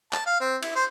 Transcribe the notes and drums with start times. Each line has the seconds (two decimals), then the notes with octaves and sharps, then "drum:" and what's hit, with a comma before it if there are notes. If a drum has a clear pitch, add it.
0.13 A5, drum: clap
0.27 F5
0.41 C4
0.63 E4, drum: cymbal
0.75 C5